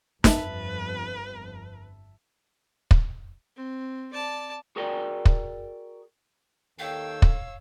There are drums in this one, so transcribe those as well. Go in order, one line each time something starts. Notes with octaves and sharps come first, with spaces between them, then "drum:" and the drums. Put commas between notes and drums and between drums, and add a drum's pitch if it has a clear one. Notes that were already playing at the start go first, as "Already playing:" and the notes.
G1 F2 B4 E5 A5, drum: snare
drum: kick
C4
D5 A5
F#4 G#4 A#4 D5 G5
drum: kick
D#2 D#3 A4 C#5 F5 G5 E6
drum: kick